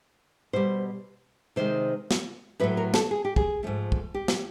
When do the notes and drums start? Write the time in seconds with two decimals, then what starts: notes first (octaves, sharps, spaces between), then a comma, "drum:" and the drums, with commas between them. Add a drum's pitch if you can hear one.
0.53 B2 G3 C5
1.56 C3 D#3 G#3 C5
2.11 drum: snare
2.60 A2 F#3 A3 B4
2.77 A#4
2.94 A4, drum: snare
3.11 G#4
3.25 G4
3.36 G#4, drum: kick
3.63 G#2 F3 A3
3.92 drum: kick
4.14 G4
4.28 drum: snare